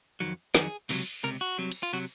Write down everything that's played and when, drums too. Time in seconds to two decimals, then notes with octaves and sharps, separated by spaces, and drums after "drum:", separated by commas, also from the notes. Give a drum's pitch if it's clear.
0.20 F2 D#3 F#3
0.55 F2 D#3 F#3 G#4, drum: snare
0.89 C#2 C3 D#3 F#3, drum: cymbal
1.24 C#2 C3 A#4
1.41 F#4
1.58 C2 C3 F#3
1.71 drum: cymbal
1.83 F4
1.93 C3 F#3 F#4